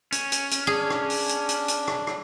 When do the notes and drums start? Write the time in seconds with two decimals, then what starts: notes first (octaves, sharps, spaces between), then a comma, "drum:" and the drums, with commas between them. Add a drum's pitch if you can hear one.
0.12 C#4, drum: hi-hat
0.32 drum: hi-hat
0.51 drum: hi-hat
0.67 D4 G#4
0.90 drum: rim click
1.10 drum: open hi-hat
1.29 drum: hi-hat
1.49 drum: hi-hat
1.68 drum: hi-hat
1.88 drum: rim click
2.07 drum: rim click